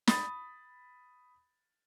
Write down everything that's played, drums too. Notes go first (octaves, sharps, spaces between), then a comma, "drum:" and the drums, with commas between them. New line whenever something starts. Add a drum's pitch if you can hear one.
B5 D#6 A6, drum: snare